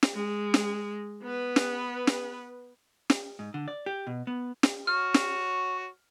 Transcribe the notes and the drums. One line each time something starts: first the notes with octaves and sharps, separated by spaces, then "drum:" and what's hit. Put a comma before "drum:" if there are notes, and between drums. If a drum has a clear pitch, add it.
drum: snare
G#3
drum: snare
B3 B4
drum: snare
drum: snare
drum: snare
G#2
D3
D5
G4
B2
B3
drum: snare
F#4 C#5 F6
drum: snare